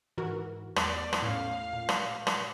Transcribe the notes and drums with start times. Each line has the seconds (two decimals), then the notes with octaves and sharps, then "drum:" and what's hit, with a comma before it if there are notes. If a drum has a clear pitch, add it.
0.18 G#2 E3 F#4 A#4
0.76 E2 D5, drum: rim click
1.13 drum: rim click
1.22 A2 C#4 F5
1.73 A#2
1.89 drum: rim click
2.27 drum: rim click